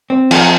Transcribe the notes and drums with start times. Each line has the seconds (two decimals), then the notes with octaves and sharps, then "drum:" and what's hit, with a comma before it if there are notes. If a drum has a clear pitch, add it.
0.10 C4
0.31 F3, drum: cymbal